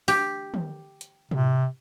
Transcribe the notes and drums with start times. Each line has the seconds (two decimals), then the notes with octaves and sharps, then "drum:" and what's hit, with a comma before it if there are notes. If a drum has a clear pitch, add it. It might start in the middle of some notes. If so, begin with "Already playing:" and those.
0.08 G4, drum: open hi-hat
0.54 drum: tom
1.01 drum: hi-hat
1.31 C3, drum: tom